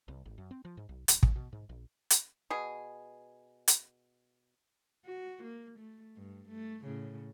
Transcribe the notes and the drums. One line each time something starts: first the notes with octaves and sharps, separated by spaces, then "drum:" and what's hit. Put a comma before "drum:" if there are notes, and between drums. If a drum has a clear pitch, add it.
C2
G#1
F#2
C4
F3
G#2
B1
D1, drum: hi-hat
C#3, drum: kick
B2
G#2
A#1
drum: hi-hat
B2 G#4
drum: hi-hat
F#4
A#3
A3
G2
A3
A2 C#3